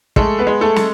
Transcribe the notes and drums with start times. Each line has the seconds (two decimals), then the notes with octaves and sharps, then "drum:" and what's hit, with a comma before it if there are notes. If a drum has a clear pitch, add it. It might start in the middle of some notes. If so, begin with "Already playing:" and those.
0.16 G#3 A3 A4, drum: kick
0.39 B3 B4
0.47 G#3
0.61 A3 A4
0.76 drum: snare